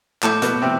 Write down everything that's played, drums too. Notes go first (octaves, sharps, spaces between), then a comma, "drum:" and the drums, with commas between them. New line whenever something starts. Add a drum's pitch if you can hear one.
A2 A3 A5 D6 G6, drum: clap
B2 B3, drum: hi-hat
C3 C4